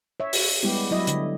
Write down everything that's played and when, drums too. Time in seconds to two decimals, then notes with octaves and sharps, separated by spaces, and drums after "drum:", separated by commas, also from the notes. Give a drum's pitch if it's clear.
0.20 C#5 E5
0.33 drum: open hi-hat
0.63 G3 G#3 B3 E4 G4
0.91 F#3 E4 D#5
1.07 D3, drum: hi-hat